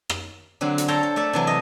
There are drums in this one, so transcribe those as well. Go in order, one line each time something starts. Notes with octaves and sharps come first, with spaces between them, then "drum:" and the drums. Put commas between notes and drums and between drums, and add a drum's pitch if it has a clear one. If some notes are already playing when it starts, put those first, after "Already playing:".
drum: rim click
D3 F#3 C4
drum: hi-hat
A4 C5 C#5 G5 A#5
A4
A3 D5 E5
C3 E3 F#3
D#5